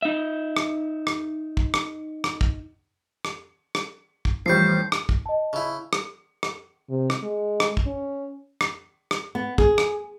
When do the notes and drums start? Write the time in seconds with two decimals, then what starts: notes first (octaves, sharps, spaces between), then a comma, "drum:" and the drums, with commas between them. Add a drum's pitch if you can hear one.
0.02 D#4 E5
0.57 drum: rim click
1.07 drum: rim click
1.57 drum: kick
1.74 drum: rim click
2.24 drum: rim click
2.41 drum: kick
3.25 drum: rim click
3.75 drum: rim click
4.25 drum: kick
4.46 A1 F3 G3 C#6 G6 C7
4.92 drum: rim click
5.09 drum: kick
5.26 D#5 A5
5.53 C#3 E4
5.93 drum: rim click
6.43 drum: rim click
6.89 C3
7.10 drum: rim click
7.22 G#3
7.60 drum: rim click
7.77 drum: kick
7.86 C#4
8.61 drum: rim click
9.11 drum: rim click
9.35 B3
9.58 G#4, drum: kick
9.78 drum: rim click